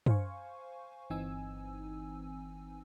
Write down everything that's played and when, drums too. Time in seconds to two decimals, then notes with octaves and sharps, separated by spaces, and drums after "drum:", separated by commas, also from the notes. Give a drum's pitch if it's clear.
0.06 C5 F5 G#5 C#6, drum: tom
1.10 G1 E3 C4 D#4 G#5 E6